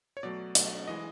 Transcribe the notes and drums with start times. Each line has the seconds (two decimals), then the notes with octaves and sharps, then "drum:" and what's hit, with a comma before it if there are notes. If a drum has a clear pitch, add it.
0.17 C#5
0.23 B2 F#3 A3 D5
0.55 B2 F#3 A3, drum: hi-hat
0.88 E3 G#3 D#5